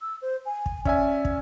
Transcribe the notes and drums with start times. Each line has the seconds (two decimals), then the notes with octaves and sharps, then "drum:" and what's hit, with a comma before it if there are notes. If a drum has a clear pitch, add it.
0.01 E6
0.22 C5
0.46 G#5
0.66 drum: kick
0.85 C#4 D5 E5 G#5, drum: kick
1.25 drum: kick